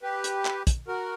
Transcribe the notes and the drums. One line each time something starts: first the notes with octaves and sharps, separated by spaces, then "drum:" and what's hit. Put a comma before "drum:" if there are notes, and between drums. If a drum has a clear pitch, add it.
G4 B4
drum: hi-hat
drum: clap
drum: kick, hi-hat
F#4 A#4